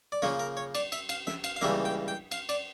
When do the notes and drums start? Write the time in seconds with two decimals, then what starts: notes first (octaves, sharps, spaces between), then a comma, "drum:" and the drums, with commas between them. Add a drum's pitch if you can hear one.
0.12 D5
0.22 C#3 F3 A#3 C#5, drum: snare
0.39 A#4
0.57 C#5
0.75 D5, drum: cymbal
0.92 E5, drum: cymbal
1.09 F5, drum: cymbal
1.27 E5, drum: snare
1.44 F5, drum: cymbal
1.56 F5
1.61 C#2 C#3 E3 G3 A#3 E5, drum: snare
1.85 G5
2.08 G5
2.31 F5, drum: cymbal
2.49 D5, drum: cymbal